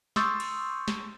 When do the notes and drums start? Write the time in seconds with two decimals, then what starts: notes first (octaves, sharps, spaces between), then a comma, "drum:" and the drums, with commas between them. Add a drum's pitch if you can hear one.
0.16 C6 C#6 D#6 E6 G6 A6, drum: snare
0.40 drum: cymbal
0.88 drum: snare